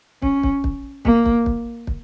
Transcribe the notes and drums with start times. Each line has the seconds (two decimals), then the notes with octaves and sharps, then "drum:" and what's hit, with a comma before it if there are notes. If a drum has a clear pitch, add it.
0.22 C#4, drum: kick
0.43 drum: kick
0.64 drum: kick
1.05 A#3, drum: kick
1.26 drum: kick
1.46 drum: kick
1.87 drum: kick